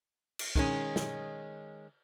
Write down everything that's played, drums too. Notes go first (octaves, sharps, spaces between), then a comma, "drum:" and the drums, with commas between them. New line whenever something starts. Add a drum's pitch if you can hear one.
drum: cymbal
D#3 G#3 C#4, drum: kick
drum: snare